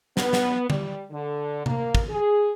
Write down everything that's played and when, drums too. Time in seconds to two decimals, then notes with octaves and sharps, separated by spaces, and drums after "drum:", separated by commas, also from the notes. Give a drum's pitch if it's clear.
0.17 B3, drum: snare
0.33 drum: snare
0.70 G3, drum: tom D3
1.11 D3
1.66 A#3, drum: tom C3
1.95 drum: kick
2.10 G#4